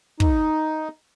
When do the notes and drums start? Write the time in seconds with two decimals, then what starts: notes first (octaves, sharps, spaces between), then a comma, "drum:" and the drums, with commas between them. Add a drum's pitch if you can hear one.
0.20 D#4, drum: kick